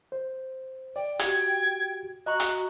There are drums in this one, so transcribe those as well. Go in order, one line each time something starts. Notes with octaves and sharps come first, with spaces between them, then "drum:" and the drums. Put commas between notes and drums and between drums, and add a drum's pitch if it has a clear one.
C5
D5 G5
F#4 G4 G#6, drum: hi-hat
F#4 D#5 A#5 C#6 F#6
drum: hi-hat